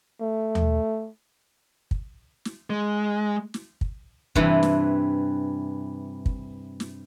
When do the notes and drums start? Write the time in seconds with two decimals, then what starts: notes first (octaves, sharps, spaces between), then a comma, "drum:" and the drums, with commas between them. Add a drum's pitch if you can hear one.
0.21 A3
0.55 drum: tom D#2
1.91 drum: kick
2.45 drum: snare
2.70 G#3
3.54 drum: snare
3.81 drum: kick
4.35 G2 C3 E3, drum: kick
4.63 drum: snare
6.26 drum: kick
6.80 drum: snare